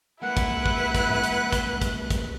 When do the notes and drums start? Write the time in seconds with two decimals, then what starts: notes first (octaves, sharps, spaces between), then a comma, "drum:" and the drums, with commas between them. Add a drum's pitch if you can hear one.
0.22 G#3 A#3 E4 B4 F#5 F#6
0.37 drum: kick, hi-hat
0.66 drum: kick
0.95 drum: kick, hi-hat
1.09 drum: tom G#2
1.24 drum: hi-hat
1.53 drum: kick, hi-hat
1.81 drum: kick, hi-hat
2.10 drum: kick, hi-hat